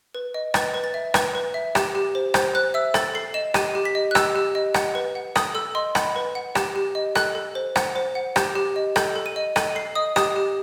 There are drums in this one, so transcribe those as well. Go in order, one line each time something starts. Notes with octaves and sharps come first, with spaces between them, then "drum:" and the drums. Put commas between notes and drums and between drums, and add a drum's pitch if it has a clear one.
B4
D#5
B4 A6, drum: rim click
B4
A6
E5
B4, drum: rim click
B4
E5
G4, drum: rim click
G4
C5
C5 G6, drum: rim click
C5 F#6
E5 E6
A4 A6, drum: rim click
A4 C7
D#5 E7
G4 D#7, drum: rim click
G4
B6
D#5
F#6
G4 E6, drum: rim click
G4
D#5
F#5, drum: rim click
B4
F#5
A4 D#6, drum: rim click
A4 E6
D#5 C6
F#5 B5, drum: rim click
B4
F#5
G4, drum: rim click
G4
D#5
A4 F#6, drum: rim click
A4
C5
F#5, drum: rim click
C5
F#5
G4 G6, drum: rim click
G4
D#5
A4 G6, drum: rim click
A4
D#7
D#5
A4 D#7, drum: rim click
A4 C7
D#5 D#6
G4 D#6, drum: rim click
G4